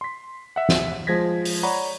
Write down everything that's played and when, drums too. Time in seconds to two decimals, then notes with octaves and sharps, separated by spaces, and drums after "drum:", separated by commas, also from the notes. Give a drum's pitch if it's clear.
0.01 C6 B6
0.56 E5 F#5
0.69 drum: snare
1.07 F3 G#3 C5 G#6 A#6 B6
1.45 drum: open hi-hat
1.63 C#5 D5 F#5 A#5 B5 C#6